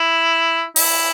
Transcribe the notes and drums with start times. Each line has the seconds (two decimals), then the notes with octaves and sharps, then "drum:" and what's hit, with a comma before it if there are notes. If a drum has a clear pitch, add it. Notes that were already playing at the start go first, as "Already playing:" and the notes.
Already playing: E4
0.76 E4, drum: open hi-hat